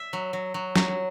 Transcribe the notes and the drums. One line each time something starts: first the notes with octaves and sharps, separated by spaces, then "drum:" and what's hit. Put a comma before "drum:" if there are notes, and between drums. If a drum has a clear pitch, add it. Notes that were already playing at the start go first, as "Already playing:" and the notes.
Already playing: E5
F#3
F#3
F#3
F#3, drum: snare